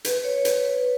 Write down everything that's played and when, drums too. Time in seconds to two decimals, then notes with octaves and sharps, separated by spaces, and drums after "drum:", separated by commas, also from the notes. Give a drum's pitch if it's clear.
0.05 B4, drum: hi-hat
0.24 C#5
0.45 B4, drum: hi-hat
0.65 B4